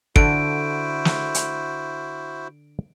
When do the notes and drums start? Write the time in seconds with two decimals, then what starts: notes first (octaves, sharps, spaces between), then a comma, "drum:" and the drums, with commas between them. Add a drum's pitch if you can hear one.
0.16 D3 E4 F#4 A4 C5 F#5 D7, drum: kick
1.05 drum: snare
1.34 drum: hi-hat